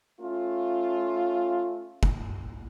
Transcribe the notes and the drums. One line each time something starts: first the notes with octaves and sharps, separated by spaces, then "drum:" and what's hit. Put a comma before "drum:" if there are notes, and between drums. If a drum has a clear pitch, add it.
A3 C#4 F4
drum: kick